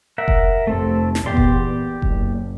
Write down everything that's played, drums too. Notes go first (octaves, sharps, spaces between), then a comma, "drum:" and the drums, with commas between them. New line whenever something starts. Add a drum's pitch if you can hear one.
A#4 E5 F#5
drum: kick F1
F1 A3 C4 A4
drum: snare
E2 A#2 B3 G4 D5 C6
drum: kick F1
F#1, drum: kick F1